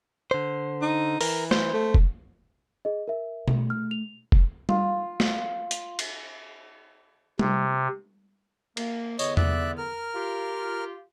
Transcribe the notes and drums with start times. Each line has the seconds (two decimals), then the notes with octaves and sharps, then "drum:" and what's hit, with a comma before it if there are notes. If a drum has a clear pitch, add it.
0.31 D3 C5
0.82 D#4
1.21 E3 A#4, drum: open hi-hat
1.51 C5, drum: snare
1.73 A3
1.94 drum: kick F1
2.85 G#4 D#5
3.08 A#4 E5
3.48 A3, drum: tom B2
3.70 F6
3.91 F7
4.32 drum: kick F1
4.69 F4, drum: tom G3
5.20 drum: snare
5.71 drum: hi-hat
5.99 drum: cymbal
7.39 C3, drum: tom G3
8.77 A#3, drum: cymbal
9.19 E2 D3 B3 C#5 D#5, drum: tambourine
9.37 D5 E5 F#6, drum: tom E2
9.78 A#4 F6
10.15 F4 G4